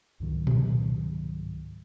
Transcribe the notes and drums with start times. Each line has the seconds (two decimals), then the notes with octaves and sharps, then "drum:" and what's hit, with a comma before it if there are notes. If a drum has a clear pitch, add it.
0.20 C#2 G#2 D#3 F#3
0.47 drum: tom A#2